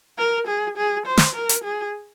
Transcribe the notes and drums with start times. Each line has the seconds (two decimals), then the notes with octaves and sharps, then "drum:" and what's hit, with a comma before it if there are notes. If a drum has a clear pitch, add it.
0.18 A#4
0.47 G#4
0.77 G#4
1.06 C5
1.17 drum: snare
1.35 A#4
1.49 drum: hi-hat
1.64 G#4